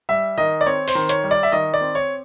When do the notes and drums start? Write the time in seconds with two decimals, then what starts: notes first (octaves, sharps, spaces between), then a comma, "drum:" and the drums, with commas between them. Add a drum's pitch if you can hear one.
0.09 G3 E5
0.37 D#3 D#5
0.61 D5
0.66 C4 C#5
0.88 C5, drum: open hi-hat
0.95 D#3
1.09 C#5, drum: hi-hat
1.24 G3
1.31 D5
1.43 E5
1.52 D#3 D#5
1.74 D5
1.81 C4
1.95 C#5